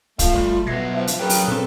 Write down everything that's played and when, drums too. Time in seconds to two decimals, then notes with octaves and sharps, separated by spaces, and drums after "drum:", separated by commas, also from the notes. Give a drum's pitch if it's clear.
0.19 F3 A3 F4 F5, drum: kick, hi-hat
0.34 G1 G3
0.67 B1 B3 E5 G#6 A#6 C7
0.93 F3
1.07 drum: hi-hat
1.19 F#3 A#3 C#4 G#4 B4 G5
1.30 drum: open hi-hat
1.48 A#2 C4 A4